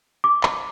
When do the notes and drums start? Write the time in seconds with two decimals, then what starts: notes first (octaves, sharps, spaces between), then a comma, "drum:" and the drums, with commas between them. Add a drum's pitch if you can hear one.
0.24 D6
0.43 drum: clap